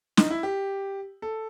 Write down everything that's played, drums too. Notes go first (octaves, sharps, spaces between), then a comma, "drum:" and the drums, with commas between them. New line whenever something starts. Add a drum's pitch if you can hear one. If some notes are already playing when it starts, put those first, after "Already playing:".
D#4, drum: snare
E4
G4
A4